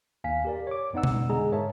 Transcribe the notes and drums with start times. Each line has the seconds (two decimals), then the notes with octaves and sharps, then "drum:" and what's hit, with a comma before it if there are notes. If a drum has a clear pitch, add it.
0.24 D#2 F5 G#5 B6
0.45 G4 A#4 D5
0.67 C#5 D6
0.93 F2 B3 D#4 D5 F#5 E6
1.03 drum: tom B2
1.30 D3 G#3 G#4 A#5
1.52 G#2 A#4 C#5 E5 A5